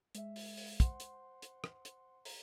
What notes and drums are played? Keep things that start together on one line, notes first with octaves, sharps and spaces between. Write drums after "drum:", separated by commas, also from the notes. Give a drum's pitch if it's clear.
G#3 E5, drum: hi-hat
drum: open hi-hat
drum: open hi-hat
C5 F#5 C6, drum: kick, hi-hat
drum: hi-hat
drum: hi-hat
drum: rim click
drum: hi-hat
A#5, drum: open hi-hat